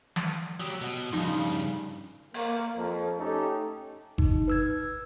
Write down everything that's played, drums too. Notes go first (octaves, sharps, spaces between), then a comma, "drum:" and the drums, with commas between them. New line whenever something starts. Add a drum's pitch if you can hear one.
drum: snare
F#3 G4 D#6 E6
B2
G2 C#3 F3 D#4 C6
A#3, drum: open hi-hat
F2
A3 C#4 D#4 G4 A4
D#4, drum: kick G1
B4 E6 G#6